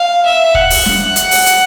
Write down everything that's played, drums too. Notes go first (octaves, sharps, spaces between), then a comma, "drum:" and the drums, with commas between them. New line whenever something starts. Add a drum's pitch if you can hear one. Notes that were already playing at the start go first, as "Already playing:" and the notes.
Already playing: F5
E5
F#5, drum: kick
drum: open hi-hat
drum: snare
drum: hi-hat
drum: open hi-hat
drum: hi-hat